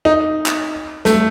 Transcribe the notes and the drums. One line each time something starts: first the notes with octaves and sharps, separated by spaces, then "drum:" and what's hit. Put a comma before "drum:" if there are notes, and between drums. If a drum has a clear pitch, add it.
D#4
drum: clap
A3, drum: snare